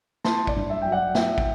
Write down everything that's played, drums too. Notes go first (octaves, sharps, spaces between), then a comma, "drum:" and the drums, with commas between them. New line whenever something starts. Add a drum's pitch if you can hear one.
E4 A5 C6, drum: snare
D5, drum: kick
G2
E5
F#3 G5
D5 F#5
E4 E5 G5, drum: snare
drum: kick